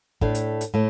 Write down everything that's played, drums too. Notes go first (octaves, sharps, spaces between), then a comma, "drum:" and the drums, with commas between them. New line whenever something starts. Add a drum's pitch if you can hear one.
A2 A3 D4, drum: kick
drum: hi-hat
drum: hi-hat
A2 A3